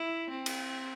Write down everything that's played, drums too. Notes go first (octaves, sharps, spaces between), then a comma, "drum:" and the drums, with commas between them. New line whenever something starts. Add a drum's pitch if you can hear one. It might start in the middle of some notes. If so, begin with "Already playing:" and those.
Already playing: E4
C4
drum: cymbal